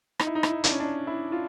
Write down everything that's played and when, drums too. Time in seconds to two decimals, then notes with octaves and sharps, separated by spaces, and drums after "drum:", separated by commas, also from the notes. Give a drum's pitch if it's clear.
0.19 D#4, drum: rim click
0.27 E4
0.35 D#4
0.43 E4, drum: rim click
0.51 D#4
0.64 D4, drum: hi-hat
0.72 C#4
0.80 D4
1.07 E4
1.32 F4